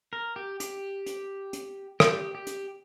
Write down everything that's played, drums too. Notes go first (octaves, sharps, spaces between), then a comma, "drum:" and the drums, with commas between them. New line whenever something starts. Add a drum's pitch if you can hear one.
A#4
G4
G4, drum: hi-hat
drum: hi-hat
drum: hi-hat
G4, drum: rim click
G4
drum: hi-hat